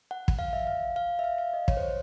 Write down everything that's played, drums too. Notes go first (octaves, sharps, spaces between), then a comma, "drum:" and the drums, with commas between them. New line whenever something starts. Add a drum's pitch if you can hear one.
F#5
drum: kick
F5
E5
F5
F5
E5
F5
F5
D#5
C#5, drum: kick
C5
C#5